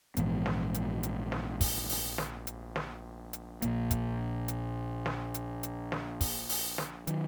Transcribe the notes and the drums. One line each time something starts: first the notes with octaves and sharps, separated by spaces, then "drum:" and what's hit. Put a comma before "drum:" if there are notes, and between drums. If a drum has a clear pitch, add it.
A#1 G#2 E3 B3, drum: hi-hat
drum: snare
drum: hi-hat
drum: hi-hat
drum: snare
drum: kick, open hi-hat
drum: open hi-hat
drum: snare
drum: hi-hat
drum: snare
drum: hi-hat
A#1 A#2 A#3, drum: hi-hat
drum: kick, hi-hat
drum: hi-hat
drum: snare
drum: hi-hat
drum: hi-hat
drum: snare
drum: kick, open hi-hat
drum: open hi-hat
drum: snare
D#3 F#3, drum: hi-hat